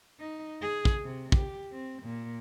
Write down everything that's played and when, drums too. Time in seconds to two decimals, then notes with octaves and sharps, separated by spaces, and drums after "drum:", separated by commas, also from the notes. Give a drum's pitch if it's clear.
0.20 D#4
0.62 G#4
0.85 drum: kick
1.04 C3
1.32 G4, drum: kick
1.72 C4
2.03 A#2